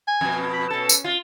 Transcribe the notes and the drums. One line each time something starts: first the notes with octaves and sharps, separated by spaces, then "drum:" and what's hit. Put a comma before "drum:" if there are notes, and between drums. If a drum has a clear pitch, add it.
G#5
F2 B2
B5
B2 C#4 A4
drum: tambourine
F4